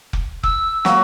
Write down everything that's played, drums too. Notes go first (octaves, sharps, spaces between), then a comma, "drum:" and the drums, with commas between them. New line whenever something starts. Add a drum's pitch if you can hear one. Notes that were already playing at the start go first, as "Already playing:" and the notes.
drum: kick F1
E6, drum: kick F1
F#3 A#3, drum: snare